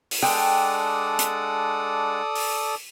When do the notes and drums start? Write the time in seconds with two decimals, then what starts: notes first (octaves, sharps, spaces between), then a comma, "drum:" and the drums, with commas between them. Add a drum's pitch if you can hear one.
0.11 drum: open hi-hat
0.23 G#3 D4 A4 D5 F#5 G5 D#6
1.19 drum: hi-hat
2.35 drum: open hi-hat